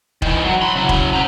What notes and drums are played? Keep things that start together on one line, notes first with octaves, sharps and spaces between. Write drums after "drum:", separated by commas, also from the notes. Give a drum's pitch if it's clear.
D#3 E3, drum: kick
F#3
B5 C6
C#3 F#3
drum: kick
C5 A#5